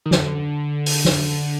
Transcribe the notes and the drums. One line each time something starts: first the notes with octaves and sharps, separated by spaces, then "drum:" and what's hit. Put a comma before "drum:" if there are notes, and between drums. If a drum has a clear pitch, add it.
D#3
D3, drum: snare
drum: open hi-hat
drum: snare